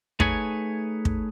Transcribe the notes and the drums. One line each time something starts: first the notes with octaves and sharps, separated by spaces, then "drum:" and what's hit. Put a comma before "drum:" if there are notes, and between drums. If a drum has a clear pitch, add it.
A3 D#4 G#4 B4 C#5 G#5, drum: kick
drum: kick